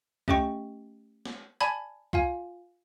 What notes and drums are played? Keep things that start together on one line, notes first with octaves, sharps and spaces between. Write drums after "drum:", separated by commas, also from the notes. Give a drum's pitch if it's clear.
A3 C#4 G4 D#5 G5 C#6, drum: kick
drum: snare
D5 G#5 A5 B5 G#6, drum: hi-hat
F4 F5 G#5, drum: kick